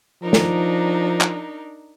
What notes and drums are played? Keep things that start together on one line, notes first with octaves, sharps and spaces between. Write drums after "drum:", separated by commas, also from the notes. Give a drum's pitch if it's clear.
F3 D4 D#4 A#4
drum: snare
drum: clap